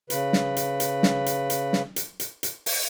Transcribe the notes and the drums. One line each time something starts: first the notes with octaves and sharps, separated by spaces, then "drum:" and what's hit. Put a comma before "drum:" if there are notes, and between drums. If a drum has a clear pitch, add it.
C#3 B4, drum: hi-hat
drum: snare
drum: hi-hat
drum: hi-hat
drum: snare
drum: hi-hat
drum: hi-hat
drum: snare
drum: hi-hat
drum: hi-hat
drum: hi-hat
drum: open hi-hat